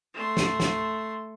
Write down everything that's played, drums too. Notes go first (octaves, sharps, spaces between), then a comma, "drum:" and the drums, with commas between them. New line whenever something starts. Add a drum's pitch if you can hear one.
A3 C6
drum: snare
drum: snare